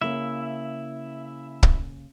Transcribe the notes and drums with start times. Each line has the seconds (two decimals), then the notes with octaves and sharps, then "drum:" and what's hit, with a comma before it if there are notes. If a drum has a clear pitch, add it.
0.01 C#3 A#3 E4 E5
1.63 drum: kick